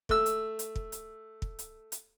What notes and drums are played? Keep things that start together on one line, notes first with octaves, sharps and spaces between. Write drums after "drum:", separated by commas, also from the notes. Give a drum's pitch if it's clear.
A3 E6, drum: kick
drum: hi-hat
drum: hi-hat
drum: kick
drum: hi-hat
drum: kick
drum: hi-hat
drum: hi-hat